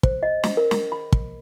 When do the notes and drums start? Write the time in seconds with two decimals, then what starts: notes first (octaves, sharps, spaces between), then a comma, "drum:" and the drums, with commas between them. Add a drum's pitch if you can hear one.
0.03 C5, drum: kick
0.23 D#5
0.43 drum: snare
0.57 A#4
0.71 drum: snare
0.92 B5
1.12 drum: kick